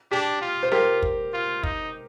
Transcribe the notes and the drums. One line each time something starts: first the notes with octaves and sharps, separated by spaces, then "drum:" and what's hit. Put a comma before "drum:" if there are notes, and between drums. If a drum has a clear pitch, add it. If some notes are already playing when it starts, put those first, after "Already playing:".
D4 G4
F4
C5
F4 G4 A#4, drum: snare
drum: kick
F4
D#4, drum: kick